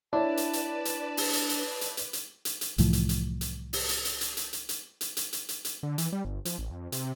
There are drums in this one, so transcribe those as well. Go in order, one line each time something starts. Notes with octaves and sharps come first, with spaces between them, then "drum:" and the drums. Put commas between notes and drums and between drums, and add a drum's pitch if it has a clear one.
D4 E4 B4 C#5 D5 A5
drum: hi-hat
drum: hi-hat
drum: hi-hat
drum: open hi-hat
drum: hi-hat
drum: hi-hat
drum: hi-hat
drum: hi-hat
drum: hi-hat
drum: hi-hat
drum: hi-hat
C2 A2 E3 F3, drum: hi-hat
drum: hi-hat
drum: hi-hat
drum: hi-hat
drum: open hi-hat
drum: hi-hat
drum: hi-hat
drum: hi-hat
drum: hi-hat
drum: hi-hat
drum: hi-hat
drum: hi-hat
drum: hi-hat
drum: hi-hat
drum: hi-hat
drum: hi-hat
D3
E3, drum: hi-hat
G3
G1
F3, drum: hi-hat
A1
F2
C3, drum: hi-hat